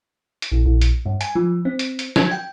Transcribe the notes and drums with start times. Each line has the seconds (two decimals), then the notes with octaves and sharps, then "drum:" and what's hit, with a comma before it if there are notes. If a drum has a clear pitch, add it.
0.42 drum: hi-hat
0.52 A#1
0.66 A#1
0.81 drum: hi-hat
1.06 G2
1.21 G#5, drum: hi-hat
1.35 F3
1.65 C4
1.79 drum: hi-hat
1.99 drum: hi-hat
2.16 G#6, drum: snare
2.31 G5